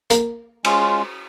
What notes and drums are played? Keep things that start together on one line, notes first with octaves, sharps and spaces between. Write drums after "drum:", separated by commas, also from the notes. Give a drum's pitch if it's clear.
A#3, drum: hi-hat
G#3 C#4 F4, drum: cymbal